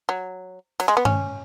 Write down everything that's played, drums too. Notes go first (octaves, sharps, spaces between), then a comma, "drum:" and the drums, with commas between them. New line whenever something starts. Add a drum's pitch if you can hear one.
F#3
F#3, drum: cymbal
G#3
B3
C#4, drum: tom G2